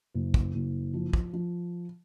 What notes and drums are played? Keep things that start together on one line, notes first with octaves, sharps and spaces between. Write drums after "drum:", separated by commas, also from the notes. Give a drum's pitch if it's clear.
F#1
drum: kick
F#1
F3
drum: kick
F3